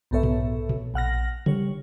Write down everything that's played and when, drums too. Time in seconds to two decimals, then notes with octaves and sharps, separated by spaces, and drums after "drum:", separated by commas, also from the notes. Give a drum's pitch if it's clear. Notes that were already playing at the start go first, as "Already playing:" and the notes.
0.11 B1 G#2 B3 A4 C#5 E5
0.23 drum: tom A#2
0.69 drum: tom A#2
0.94 A#1 F#5 F6 A#6
1.46 G3 C#5, drum: tom C#3